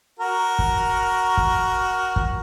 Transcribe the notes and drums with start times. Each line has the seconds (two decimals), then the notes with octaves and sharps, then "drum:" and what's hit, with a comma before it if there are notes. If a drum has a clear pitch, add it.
0.19 F#4 A#4
0.59 drum: kick
1.37 drum: kick
2.16 drum: kick